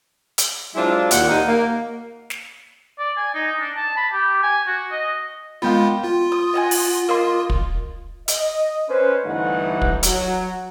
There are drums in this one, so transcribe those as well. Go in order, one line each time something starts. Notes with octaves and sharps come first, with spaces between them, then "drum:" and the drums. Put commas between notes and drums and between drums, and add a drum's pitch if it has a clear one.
drum: hi-hat
F#3 G#3 C4 D4 E4 F4
D#2 A#2 F#5, drum: hi-hat
D#2 D#4 F5
A#3
drum: snare
D5
G#5
D#4
D4
A5
B5
G4
G#5
F#4
D#5
G#3 A#3 B3 F4 G5 B5
F4
D#6
D#5 F#5 G#5
drum: open hi-hat
A#3 D#5 C6
drum: kick
D#5, drum: hi-hat
C#4 B4 C5
G1 G2 E3 A3 D#4 F#5
drum: kick
F#3, drum: hi-hat